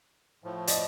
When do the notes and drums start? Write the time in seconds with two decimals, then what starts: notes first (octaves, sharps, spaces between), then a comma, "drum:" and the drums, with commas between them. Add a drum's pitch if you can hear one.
0.44 A2 F3
0.67 D5 D#5, drum: hi-hat